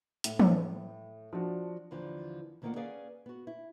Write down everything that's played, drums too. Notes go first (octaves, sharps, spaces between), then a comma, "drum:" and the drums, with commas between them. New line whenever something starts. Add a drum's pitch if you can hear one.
A2, drum: hi-hat
drum: tom E3
F3 D4 F#4
D#2 D3 E3 F3
D2 D#3 A#3 B3 F4 F#5
C#4 G#4 B4 D5 F5 F#5
B3 F#4
E4